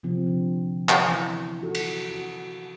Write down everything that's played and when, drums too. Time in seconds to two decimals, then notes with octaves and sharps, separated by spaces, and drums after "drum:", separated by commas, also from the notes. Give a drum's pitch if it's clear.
0.03 C3 F3 C4
0.27 D3
0.89 drum: clap
1.06 E3
1.63 F#4 A4
1.75 drum: cymbal
2.11 F#4